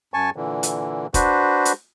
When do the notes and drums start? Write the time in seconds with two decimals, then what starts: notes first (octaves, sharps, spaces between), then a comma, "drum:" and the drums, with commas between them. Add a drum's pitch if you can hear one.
0.14 F#2 G#5 A5 C#6
0.36 A#2 D3 E3
0.63 drum: hi-hat
1.14 D4 F#4 B4 C5, drum: kick, hi-hat
1.65 drum: hi-hat